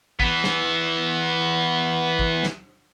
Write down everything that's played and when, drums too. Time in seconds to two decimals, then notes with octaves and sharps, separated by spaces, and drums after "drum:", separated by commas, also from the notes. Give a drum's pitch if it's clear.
0.20 E3 B3, drum: kick
0.44 drum: snare
2.19 drum: kick
2.43 drum: snare